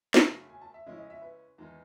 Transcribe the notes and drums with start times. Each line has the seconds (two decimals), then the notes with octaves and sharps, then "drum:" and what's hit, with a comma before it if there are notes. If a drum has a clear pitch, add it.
0.14 F#2 C#3 F#3 A3, drum: snare
0.49 G#5
0.61 A5
0.74 E5
0.87 C#3 G#3 C#4 E4 D#5
0.98 D#5
1.10 E5
1.21 B4
1.58 E2 D#3 G#3 D#4